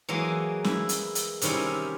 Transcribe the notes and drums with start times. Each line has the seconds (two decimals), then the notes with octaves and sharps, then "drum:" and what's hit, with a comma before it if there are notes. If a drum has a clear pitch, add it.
0.09 E3 F#3 G#3 A#3
0.64 E4, drum: snare
0.89 drum: hi-hat
1.15 drum: hi-hat
1.41 C3 D#3 G3 C#4 E4, drum: hi-hat